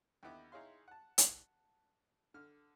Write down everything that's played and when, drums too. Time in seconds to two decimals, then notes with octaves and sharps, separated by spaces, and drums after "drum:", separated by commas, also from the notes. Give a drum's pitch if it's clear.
0.23 D#2 D3 B3 E4 D6
0.52 D#4 E4 G#4 C#5 F5 C6
0.88 F#5 A5
1.18 drum: hi-hat
2.34 D3 F6